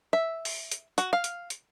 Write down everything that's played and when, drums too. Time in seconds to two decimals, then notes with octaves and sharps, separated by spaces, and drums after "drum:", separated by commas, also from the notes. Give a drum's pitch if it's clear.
0.13 E5
0.45 drum: open hi-hat
0.72 drum: hi-hat
0.98 F#4, drum: hi-hat
1.13 F5
1.24 drum: hi-hat
1.50 drum: hi-hat